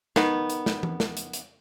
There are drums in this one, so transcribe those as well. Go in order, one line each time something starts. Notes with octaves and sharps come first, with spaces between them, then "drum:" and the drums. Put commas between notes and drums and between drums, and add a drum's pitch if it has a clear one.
D#3 B3, drum: snare
drum: hi-hat
drum: snare
drum: tom E3
drum: snare
drum: hi-hat
drum: hi-hat